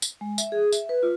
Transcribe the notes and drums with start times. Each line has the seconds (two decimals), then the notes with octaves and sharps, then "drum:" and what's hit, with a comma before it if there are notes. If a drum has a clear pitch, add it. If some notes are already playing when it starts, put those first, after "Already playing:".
0.02 drum: tambourine
0.21 G#3
0.38 E5, drum: tambourine
0.52 G#4
0.72 E5, drum: tambourine
0.89 B4
1.03 F4